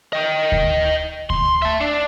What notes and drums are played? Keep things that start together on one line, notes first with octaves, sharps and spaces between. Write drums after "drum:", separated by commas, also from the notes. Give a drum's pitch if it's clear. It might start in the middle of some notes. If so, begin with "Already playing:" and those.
D#5 G5
drum: kick D2
C6, drum: kick D2
E5 A5
D4